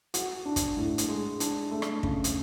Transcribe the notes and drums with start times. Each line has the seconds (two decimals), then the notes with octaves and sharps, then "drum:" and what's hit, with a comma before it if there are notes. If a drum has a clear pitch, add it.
0.14 F#4, drum: hi-hat
0.45 D4
0.56 drum: kick, hi-hat
0.77 A2
0.98 drum: hi-hat
1.08 G#3
1.40 D4, drum: hi-hat
1.71 A3
1.82 drum: rim click
2.03 C#3, drum: kick
2.24 drum: hi-hat